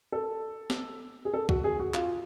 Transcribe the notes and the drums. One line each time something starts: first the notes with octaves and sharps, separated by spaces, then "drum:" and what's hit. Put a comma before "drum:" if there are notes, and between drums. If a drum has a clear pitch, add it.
A4
drum: snare
G#4
A4
F#4, drum: kick
G#4
F#4
F4, drum: clap